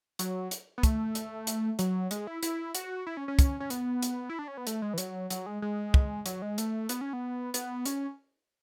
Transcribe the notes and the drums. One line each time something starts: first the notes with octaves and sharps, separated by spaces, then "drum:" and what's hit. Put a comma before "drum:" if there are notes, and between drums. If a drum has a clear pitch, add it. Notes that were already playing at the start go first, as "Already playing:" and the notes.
F#3, drum: hi-hat
drum: hi-hat
B3
A3, drum: kick, hi-hat
drum: hi-hat
drum: hi-hat
F#3, drum: hi-hat
G#3, drum: hi-hat
E4
E4, drum: hi-hat
F#4, drum: hi-hat
E4
C#4
C#4
drum: kick, hi-hat
C#4
B3, drum: hi-hat
drum: hi-hat
E4
D4
C#4
B3
A3, drum: hi-hat
G#3
E3
F#3, drum: hi-hat
F#3, drum: hi-hat
G#3
G#3
drum: kick
F#3, drum: hi-hat
G#3
A3, drum: hi-hat
B3, drum: hi-hat
C#4
B3
B3, drum: hi-hat
C#4, drum: hi-hat